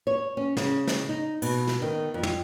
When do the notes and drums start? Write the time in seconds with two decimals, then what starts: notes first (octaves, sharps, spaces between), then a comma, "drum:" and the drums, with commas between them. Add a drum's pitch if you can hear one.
0.07 C#5
0.37 C#4
0.57 C#3, drum: snare
0.88 drum: snare
1.09 D#4
1.42 B2, drum: cymbal
1.68 drum: snare
1.82 D#3
2.14 F2
2.23 drum: tom